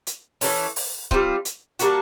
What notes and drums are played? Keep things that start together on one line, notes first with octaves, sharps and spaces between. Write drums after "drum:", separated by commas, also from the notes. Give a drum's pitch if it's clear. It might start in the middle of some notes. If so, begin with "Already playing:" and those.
drum: hi-hat
E3 A3 C#4, drum: open hi-hat
drum: open hi-hat
G3 C4 F4, drum: kick
drum: hi-hat
G3 A#3 D4 F#4, drum: hi-hat